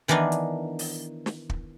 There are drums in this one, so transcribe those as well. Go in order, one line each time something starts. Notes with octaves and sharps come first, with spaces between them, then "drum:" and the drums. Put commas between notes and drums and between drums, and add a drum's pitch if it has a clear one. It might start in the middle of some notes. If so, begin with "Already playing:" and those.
D#3 E3 B3 D4 D#4
drum: hi-hat
drum: open hi-hat
drum: snare
drum: kick